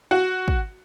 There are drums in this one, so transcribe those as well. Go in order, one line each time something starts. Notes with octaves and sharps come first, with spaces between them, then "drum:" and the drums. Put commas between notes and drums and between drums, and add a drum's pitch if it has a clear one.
F#4
drum: kick